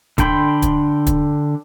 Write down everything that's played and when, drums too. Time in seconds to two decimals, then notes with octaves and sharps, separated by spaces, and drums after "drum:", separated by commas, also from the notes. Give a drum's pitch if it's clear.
0.18 D3 D4 G5 B5 C6, drum: kick, hi-hat
0.62 drum: kick, hi-hat
1.06 drum: kick, hi-hat